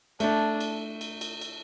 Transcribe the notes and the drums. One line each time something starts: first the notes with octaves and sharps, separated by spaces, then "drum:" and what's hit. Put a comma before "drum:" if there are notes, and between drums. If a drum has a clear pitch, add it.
A3 D4, drum: cymbal
drum: cymbal
drum: cymbal
drum: cymbal
drum: cymbal